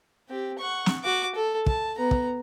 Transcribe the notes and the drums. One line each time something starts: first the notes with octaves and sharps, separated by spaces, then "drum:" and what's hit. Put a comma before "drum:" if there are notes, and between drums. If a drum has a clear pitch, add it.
C4 G4
F#5 C#6
drum: snare
F#4 D6
A4
A5, drum: kick
B3 A#5
drum: kick